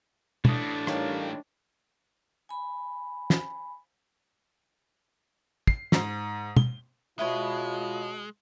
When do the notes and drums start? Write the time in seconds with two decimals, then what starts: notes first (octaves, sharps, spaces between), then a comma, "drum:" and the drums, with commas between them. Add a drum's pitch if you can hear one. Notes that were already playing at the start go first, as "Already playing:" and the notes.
0.45 E3 A3 D4 D#6 A#6, drum: tom
0.87 G3 D#4 A#4 C#5 F5 G5, drum: rim click
2.49 G#5 B5
3.30 drum: snare
5.67 C7, drum: kick
5.92 G#2, drum: snare
6.57 G7, drum: tom
7.19 B2 G#3 E4 F4 B4 C#5